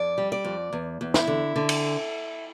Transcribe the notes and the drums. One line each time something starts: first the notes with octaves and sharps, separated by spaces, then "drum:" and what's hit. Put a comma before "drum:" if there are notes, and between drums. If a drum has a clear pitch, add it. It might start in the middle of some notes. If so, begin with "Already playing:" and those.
Already playing: F2 D5
G3
D5
F2
E2
E2
E4, drum: snare
D3
D3
drum: cymbal